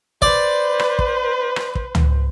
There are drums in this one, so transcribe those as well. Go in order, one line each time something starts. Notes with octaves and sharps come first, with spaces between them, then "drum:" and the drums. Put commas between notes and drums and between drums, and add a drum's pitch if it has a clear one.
B4 C5 D5, drum: kick
drum: rim click
drum: kick
drum: rim click
drum: kick
drum: tom C#2